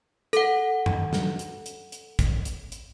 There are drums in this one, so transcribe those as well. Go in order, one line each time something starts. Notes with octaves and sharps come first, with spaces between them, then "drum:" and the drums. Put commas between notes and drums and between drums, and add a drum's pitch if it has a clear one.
A4 F#5, drum: hi-hat
drum: tom F#2
drum: snare
drum: hi-hat
drum: hi-hat
drum: hi-hat
drum: kick, hi-hat
drum: hi-hat
drum: hi-hat